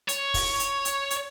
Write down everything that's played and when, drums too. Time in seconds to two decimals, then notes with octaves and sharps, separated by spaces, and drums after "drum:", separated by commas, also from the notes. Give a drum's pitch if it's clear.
0.09 C#5, drum: hi-hat
0.34 drum: kick, open hi-hat
0.59 drum: hi-hat
0.85 drum: hi-hat
1.10 drum: hi-hat